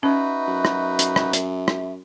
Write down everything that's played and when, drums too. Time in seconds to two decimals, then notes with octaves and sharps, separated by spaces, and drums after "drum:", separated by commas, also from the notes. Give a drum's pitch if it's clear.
0.03 C#4 D#4 F#4 B4 E5
0.47 F#2
0.65 drum: rim click
0.99 drum: hi-hat
1.16 drum: rim click
1.33 drum: hi-hat
1.68 drum: rim click